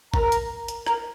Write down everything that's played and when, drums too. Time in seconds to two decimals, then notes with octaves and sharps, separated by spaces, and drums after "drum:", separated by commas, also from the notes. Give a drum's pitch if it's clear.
0.14 A#4 A#5, drum: kick G#1
0.32 drum: hi-hat
0.68 drum: hi-hat
0.87 A#4 A#5, drum: rim click